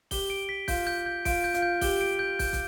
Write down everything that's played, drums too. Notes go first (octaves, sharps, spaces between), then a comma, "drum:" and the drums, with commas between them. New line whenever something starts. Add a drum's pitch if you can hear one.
G4 G7, drum: kick, open hi-hat
D7
B6
F4 G6, drum: kick, open hi-hat
G6
G6
F4 D7, drum: kick, open hi-hat
G6
F4, drum: hi-hat
G6
G4 G7, drum: kick, open hi-hat
D7
G6
G6, drum: kick, open hi-hat
drum: kick, hi-hat